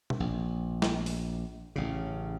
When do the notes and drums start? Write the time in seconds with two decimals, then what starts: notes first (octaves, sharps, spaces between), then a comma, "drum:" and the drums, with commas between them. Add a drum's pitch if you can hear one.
0.10 drum: tom B2
0.20 A#1
0.82 drum: snare
1.06 drum: open hi-hat
1.76 A1 C#3